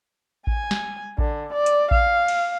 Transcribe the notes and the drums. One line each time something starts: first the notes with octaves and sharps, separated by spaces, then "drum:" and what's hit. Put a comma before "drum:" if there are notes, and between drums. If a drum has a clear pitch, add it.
G#5, drum: kick A1
drum: snare
D3, drum: kick A1
D5
drum: hi-hat
F5, drum: kick A1
drum: cymbal